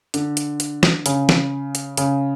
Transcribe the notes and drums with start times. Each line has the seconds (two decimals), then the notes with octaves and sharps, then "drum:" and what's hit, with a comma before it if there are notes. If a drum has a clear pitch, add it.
0.14 D3, drum: hi-hat
0.37 drum: hi-hat
0.60 drum: hi-hat
0.83 drum: snare
1.06 C#3, drum: hi-hat
1.29 drum: snare
1.75 drum: hi-hat
1.97 C#3, drum: hi-hat